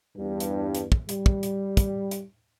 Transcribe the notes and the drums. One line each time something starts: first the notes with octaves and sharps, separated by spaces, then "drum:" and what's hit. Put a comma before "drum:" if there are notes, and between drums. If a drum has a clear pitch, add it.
E2 G2
drum: hi-hat
drum: hi-hat
drum: kick
G3, drum: hi-hat
drum: kick
drum: hi-hat
drum: kick, hi-hat
drum: hi-hat